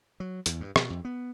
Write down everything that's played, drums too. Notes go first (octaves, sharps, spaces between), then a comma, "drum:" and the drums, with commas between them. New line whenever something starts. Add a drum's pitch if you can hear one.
F#3
E2, drum: hi-hat
G2
B2, drum: rim click
F2
B3